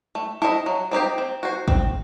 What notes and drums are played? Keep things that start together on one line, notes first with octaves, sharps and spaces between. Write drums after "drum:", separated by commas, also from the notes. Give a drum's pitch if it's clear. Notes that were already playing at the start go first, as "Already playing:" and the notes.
A3
E4 A4 C5 D#5
F#3
C4 D#4 G4 C5
C4
F#4 C5
C4, drum: kick G#1